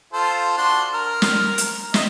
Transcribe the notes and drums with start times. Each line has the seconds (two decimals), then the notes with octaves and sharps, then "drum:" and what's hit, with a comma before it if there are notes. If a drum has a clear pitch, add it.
0.13 F4 A4 C5
0.57 D4 F#4 C6
0.94 A#4 F6
1.22 drum: snare
1.58 drum: hi-hat
1.94 D#5 E5, drum: snare